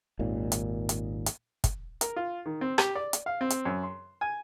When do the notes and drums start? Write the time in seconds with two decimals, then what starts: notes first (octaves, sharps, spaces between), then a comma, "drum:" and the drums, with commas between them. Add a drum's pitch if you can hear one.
0.19 G#1 D#2 A#2
0.52 drum: hi-hat
0.89 drum: hi-hat
1.26 drum: hi-hat
1.64 drum: kick, hi-hat
2.01 A#4, drum: hi-hat
2.16 F4
2.46 D#3
2.61 C4
2.78 G4, drum: rim click
2.95 D5
3.13 drum: hi-hat
3.26 F5
3.41 C4
3.50 drum: hi-hat
3.65 F#2
3.83 C6
4.21 G#5